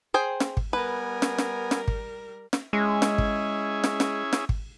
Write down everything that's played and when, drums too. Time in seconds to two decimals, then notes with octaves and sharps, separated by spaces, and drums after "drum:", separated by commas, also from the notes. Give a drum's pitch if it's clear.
0.14 G#4 C5 G5
0.40 drum: snare
0.57 drum: kick G#1
0.73 G3 B3 A#4 B4 G#5
1.22 drum: snare
1.39 drum: snare
1.71 drum: snare
1.88 drum: kick G#1
2.53 drum: snare
2.73 G#3 C#4 E4 G#4
3.02 drum: snare
3.18 drum: kick G#1
3.84 drum: snare
4.00 drum: snare
4.33 drum: snare
4.49 drum: kick G#1